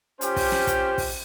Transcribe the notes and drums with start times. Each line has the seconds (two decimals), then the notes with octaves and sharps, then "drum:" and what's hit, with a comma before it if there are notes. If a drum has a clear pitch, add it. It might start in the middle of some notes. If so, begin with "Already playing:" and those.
0.21 C#4 F4 G4 C5, drum: hi-hat
0.36 drum: kick, open hi-hat
0.52 drum: snare
0.67 drum: kick, hi-hat
0.98 drum: kick, open hi-hat